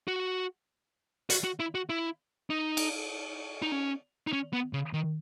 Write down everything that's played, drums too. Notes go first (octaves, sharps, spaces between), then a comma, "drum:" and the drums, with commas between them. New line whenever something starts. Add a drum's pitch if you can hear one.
F#4
F#4, drum: hi-hat
F#4
E4
F#4
E4
D#4
drum: cymbal
D#4
C#4
D#4
C#4
B3
C#3
D#3